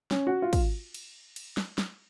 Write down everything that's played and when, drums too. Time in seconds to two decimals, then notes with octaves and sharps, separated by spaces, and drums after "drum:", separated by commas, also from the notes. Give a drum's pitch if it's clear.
0.11 C#4, drum: snare
0.27 F#4
0.42 F4
0.53 drum: kick, cymbal
0.94 drum: cymbal
1.36 drum: cymbal
1.57 drum: snare
1.78 drum: snare